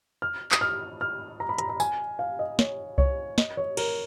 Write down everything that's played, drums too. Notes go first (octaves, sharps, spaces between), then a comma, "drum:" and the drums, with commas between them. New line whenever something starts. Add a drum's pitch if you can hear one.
F6
D#6, drum: clap
F6
F6
A#5
B5
A#5, drum: hi-hat
A#5
G#5, drum: tambourine
F5
D#5
C#5, drum: snare
C#5, drum: kick C2
D#5, drum: snare
C#5
A#4, drum: cymbal